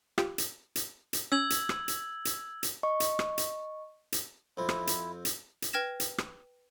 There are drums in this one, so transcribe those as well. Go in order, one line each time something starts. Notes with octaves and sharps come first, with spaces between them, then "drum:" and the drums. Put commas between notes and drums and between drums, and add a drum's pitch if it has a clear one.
F4 G4, drum: rim click
drum: hi-hat
drum: hi-hat
drum: hi-hat
C#4 E6 G#6 F#7
drum: hi-hat
drum: rim click
drum: hi-hat
drum: hi-hat
drum: hi-hat
D#5 C#6
drum: hi-hat
drum: rim click
drum: hi-hat
drum: hi-hat
F2 C4 E4
drum: rim click
drum: hi-hat
drum: hi-hat
drum: hi-hat
B4 G5 F6 G#6 A#6 E7
drum: hi-hat
drum: rim click